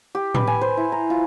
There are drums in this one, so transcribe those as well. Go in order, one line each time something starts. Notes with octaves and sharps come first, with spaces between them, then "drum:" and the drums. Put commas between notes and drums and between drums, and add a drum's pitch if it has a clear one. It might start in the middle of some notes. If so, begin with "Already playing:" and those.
G4
B4, drum: tom A2
G#5
C5
E4
A#5
F4